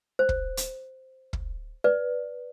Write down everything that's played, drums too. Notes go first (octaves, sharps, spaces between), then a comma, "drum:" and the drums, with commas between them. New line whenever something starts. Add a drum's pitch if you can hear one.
C5
drum: kick
drum: hi-hat
drum: kick
B4 D5